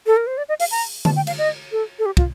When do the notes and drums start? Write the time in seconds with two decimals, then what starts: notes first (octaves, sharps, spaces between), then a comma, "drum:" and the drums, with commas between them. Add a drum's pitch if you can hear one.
0.07 A4
0.17 A#4
0.27 C5
0.38 D5
0.49 D#5
0.60 F5, drum: open hi-hat
0.71 A#5
1.05 A5, drum: tom D3
1.16 G5
1.27 F5, drum: cymbal
1.38 D#5
1.72 A4
1.99 A4
2.06 G4
2.17 F4, drum: kick